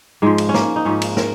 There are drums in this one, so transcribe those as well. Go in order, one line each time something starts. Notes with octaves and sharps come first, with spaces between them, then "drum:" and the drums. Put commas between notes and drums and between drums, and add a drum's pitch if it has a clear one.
G#2 F3 G#3
drum: cymbal
C#4
A#3, drum: snare
D#4
G#2 F3 C#4
drum: cymbal
A#4, drum: snare